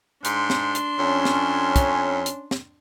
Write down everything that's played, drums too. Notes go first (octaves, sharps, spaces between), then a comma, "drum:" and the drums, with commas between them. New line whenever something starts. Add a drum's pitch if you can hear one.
G#2 D4 C6, drum: hi-hat
drum: snare
drum: hi-hat
F2 C#4
drum: snare
drum: kick, hi-hat
drum: hi-hat
drum: snare